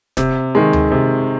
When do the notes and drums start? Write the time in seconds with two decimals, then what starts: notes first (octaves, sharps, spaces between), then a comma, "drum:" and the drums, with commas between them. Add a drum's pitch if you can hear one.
0.17 C3, drum: snare
0.55 D#3 G#3
0.73 drum: tom D2
0.92 C3